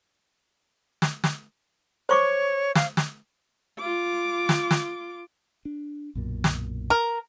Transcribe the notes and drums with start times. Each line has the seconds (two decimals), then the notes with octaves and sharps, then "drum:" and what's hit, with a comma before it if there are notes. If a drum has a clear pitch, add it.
1.02 drum: snare
1.24 drum: snare
2.09 C5 C#5 C#6 D6
2.75 F5, drum: snare
2.97 drum: snare
3.79 F4 D6
4.49 drum: snare
4.71 drum: snare
5.65 D4
6.15 B1 F#2 A#2
6.44 drum: snare
6.90 A#4